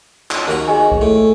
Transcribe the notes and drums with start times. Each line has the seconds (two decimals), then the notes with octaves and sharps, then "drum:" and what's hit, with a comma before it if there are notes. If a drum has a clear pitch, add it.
0.31 C#4, drum: clap
0.48 D#2 F#4 A#5
0.68 G#4 D#5 G#5
0.92 drum: kick
1.01 A2